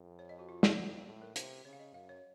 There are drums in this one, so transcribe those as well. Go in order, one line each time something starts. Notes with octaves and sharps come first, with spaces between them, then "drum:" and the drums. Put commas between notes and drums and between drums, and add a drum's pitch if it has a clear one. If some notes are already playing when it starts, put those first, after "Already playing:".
Already playing: F2
C#5
D#5
F#4
F4
D#4, drum: snare
F2
A2
A#4
C3 C5, drum: hi-hat
C#3 C#5
F5
D#5
F#2 F5
C#5